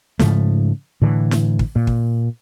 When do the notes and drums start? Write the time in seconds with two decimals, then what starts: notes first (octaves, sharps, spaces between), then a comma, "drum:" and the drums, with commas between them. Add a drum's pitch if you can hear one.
0.19 G#2 C#3 F3 A3, drum: snare
1.02 A2 D3 E3
1.31 drum: snare
1.59 drum: kick
1.76 A#2
1.87 drum: kick